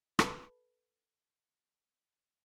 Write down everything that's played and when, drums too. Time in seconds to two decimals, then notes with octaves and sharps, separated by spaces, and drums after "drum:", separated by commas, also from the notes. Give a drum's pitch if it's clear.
0.19 A4 B4, drum: rim click